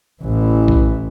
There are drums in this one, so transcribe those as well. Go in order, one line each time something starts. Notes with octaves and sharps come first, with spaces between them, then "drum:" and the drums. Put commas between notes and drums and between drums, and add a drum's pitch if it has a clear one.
A1 E3
drum: kick A#1